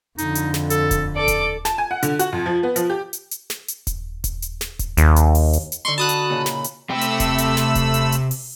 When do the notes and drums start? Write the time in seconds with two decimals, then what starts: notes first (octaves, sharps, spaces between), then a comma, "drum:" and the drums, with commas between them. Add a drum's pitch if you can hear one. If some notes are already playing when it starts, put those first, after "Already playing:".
0.18 F2 D3 D#4, drum: hi-hat
0.35 drum: hi-hat
0.54 drum: snare
0.70 A4, drum: hi-hat
0.91 drum: kick D#1, hi-hat
1.16 A4 D5 D6
1.28 drum: kick D#1, hi-hat
1.65 A5, drum: snare
1.78 G#5
1.91 F#5
2.03 D3, drum: hi-hat
2.19 F#4, drum: hi-hat
2.33 F2
2.46 F3
2.63 B3
2.76 F3, drum: hi-hat
2.90 G4
3.13 drum: hi-hat
3.31 drum: hi-hat
3.50 drum: snare
3.68 drum: hi-hat
3.87 drum: kick D#1, hi-hat
4.24 drum: kick D#1, hi-hat
4.42 drum: hi-hat
4.61 drum: snare
4.79 drum: kick D#1, hi-hat
4.97 D#2, drum: hi-hat
5.16 drum: hi-hat
5.35 drum: open hi-hat
5.53 drum: hi-hat
5.72 drum: hi-hat
5.85 D3 D#4 C6 C#6
5.98 F#4 A5 B5 D#6 F#6
6.09 drum: hi-hat
6.29 A#2 C#3 D#4
6.46 drum: snare
6.64 drum: hi-hat
6.90 C3 A3 G5 B5 E6
7.01 drum: hi-hat
7.20 drum: kick D#1, hi-hat
7.38 drum: hi-hat
7.57 drum: snare
7.75 drum: kick D#1, hi-hat
7.94 drum: hi-hat
8.12 drum: hi-hat
8.31 drum: open hi-hat